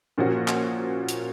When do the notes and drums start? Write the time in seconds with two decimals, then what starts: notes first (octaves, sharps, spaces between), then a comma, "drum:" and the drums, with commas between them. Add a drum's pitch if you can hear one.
0.18 A#2 F3 A#3 C#4 F#4
0.48 drum: clap
1.09 drum: hi-hat